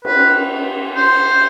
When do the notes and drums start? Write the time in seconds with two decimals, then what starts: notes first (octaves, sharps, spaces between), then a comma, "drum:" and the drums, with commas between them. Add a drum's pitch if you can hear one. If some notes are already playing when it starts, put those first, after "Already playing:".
0.05 B4, drum: cymbal
0.96 C5